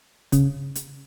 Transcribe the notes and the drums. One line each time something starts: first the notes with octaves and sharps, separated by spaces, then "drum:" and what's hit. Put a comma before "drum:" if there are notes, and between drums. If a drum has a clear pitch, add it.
C#3, drum: kick, hi-hat
drum: hi-hat